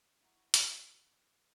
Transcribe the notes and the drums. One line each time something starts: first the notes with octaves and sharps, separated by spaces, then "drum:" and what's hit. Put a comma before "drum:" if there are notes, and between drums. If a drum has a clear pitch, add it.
E4 E5 F#5 A#5 C#6
drum: hi-hat